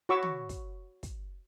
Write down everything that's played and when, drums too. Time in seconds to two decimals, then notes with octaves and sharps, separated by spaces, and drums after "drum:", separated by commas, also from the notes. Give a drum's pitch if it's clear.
0.09 F#4 C#5 B5 C#6 D6 E6
0.23 drum: tom
0.49 drum: kick, hi-hat
1.03 drum: kick, hi-hat